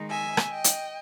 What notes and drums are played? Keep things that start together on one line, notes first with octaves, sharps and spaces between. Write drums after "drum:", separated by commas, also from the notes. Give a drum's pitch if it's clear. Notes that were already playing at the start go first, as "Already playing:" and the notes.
Already playing: D#3 G#3 D#4
E5 G#5
drum: rim click
D#5 G5
drum: hi-hat